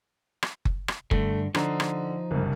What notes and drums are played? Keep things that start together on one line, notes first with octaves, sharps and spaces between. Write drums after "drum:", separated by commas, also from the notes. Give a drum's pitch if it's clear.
drum: rim click
drum: kick F#1
drum: rim click
G2 D3 A3, drum: kick F#1
D3 F3 D#4, drum: rim click
drum: rim click
F#1 C2 G2